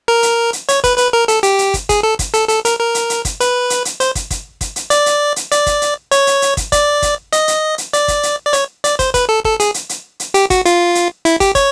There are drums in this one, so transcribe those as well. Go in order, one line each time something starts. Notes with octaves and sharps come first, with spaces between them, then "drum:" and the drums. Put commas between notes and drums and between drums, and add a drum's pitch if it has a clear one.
A#4
drum: hi-hat
drum: hi-hat
C#5, drum: hi-hat
B4, drum: kick, hi-hat
B4, drum: hi-hat
A#4
A4, drum: hi-hat
G4, drum: hi-hat
drum: hi-hat
drum: kick, hi-hat
G#4, drum: kick, hi-hat
A4
drum: kick, hi-hat
A4, drum: hi-hat
A4, drum: hi-hat
A#4, drum: hi-hat
A#4
drum: hi-hat
drum: hi-hat
drum: kick, hi-hat
B4, drum: hi-hat
drum: hi-hat
drum: hi-hat
C5, drum: hi-hat
drum: kick, hi-hat
drum: kick, hi-hat
drum: kick, hi-hat
drum: hi-hat
D5, drum: hi-hat
drum: hi-hat
drum: hi-hat
D5, drum: hi-hat
drum: kick, hi-hat
drum: hi-hat
C#5, drum: hi-hat
drum: hi-hat
drum: hi-hat
drum: kick, hi-hat
D5, drum: kick, hi-hat
drum: kick, hi-hat
D#5, drum: hi-hat
drum: hi-hat
drum: hi-hat
D5, drum: hi-hat
drum: kick, hi-hat
drum: hi-hat
D5
C#5, drum: hi-hat
D5, drum: hi-hat
C5, drum: kick, hi-hat
B4, drum: kick, hi-hat
A4
A4, drum: kick
G#4, drum: hi-hat
drum: hi-hat
drum: hi-hat
drum: hi-hat
G4, drum: hi-hat
F#4, drum: kick, hi-hat
F4, drum: hi-hat
drum: hi-hat
E4, drum: hi-hat
G4, drum: kick, hi-hat
C#5, drum: kick, hi-hat